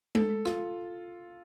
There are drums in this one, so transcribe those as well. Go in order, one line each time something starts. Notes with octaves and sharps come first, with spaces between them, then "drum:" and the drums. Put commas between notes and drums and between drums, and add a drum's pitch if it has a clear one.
A4, drum: tom G#3
F4, drum: rim click